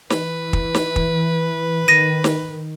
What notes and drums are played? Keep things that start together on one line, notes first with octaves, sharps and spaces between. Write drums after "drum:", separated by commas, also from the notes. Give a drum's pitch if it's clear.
E3 B4, drum: snare
drum: kick
drum: snare
drum: kick
D#3 A#6 D#7
drum: snare